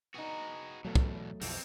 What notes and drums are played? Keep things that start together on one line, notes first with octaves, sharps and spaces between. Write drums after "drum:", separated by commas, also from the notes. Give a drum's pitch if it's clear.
B3 D#4 F#4 G#4
E2 B2 F#3 A3
drum: kick
B1 F2 E3 F3 A3 C4, drum: open hi-hat